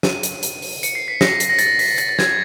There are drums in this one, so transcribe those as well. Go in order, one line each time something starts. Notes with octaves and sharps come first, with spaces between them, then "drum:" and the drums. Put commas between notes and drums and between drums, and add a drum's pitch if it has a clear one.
D#7, drum: snare
drum: hi-hat
drum: hi-hat
drum: open hi-hat
C#7, drum: hi-hat
C7
B6
A#6, drum: snare
drum: hi-hat
A#6
A6, drum: hi-hat
A#6
B6, drum: open hi-hat
A6, drum: hi-hat
A6
G#6, drum: snare